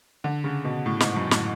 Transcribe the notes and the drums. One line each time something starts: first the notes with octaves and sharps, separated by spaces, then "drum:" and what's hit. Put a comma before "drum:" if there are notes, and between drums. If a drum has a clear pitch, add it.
D3
C#3
B2
A2
G#2, drum: snare
F#2
A2, drum: snare